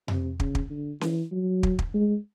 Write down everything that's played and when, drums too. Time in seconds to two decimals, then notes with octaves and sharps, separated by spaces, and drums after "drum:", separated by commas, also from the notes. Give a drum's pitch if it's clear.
0.08 C3, drum: tom F2
0.40 C#3, drum: kick
0.55 drum: kick
0.70 D3
1.01 E3, drum: snare C#4
1.32 F#3
1.63 drum: kick
1.79 drum: kick
1.94 G#3